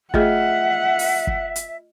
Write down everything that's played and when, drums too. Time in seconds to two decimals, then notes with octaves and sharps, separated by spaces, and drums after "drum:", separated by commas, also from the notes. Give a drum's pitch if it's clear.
0.14 A3 F4 G#4 D#5 E5 F#5 F6, drum: kick
0.99 drum: open hi-hat
1.27 drum: kick
1.56 drum: hi-hat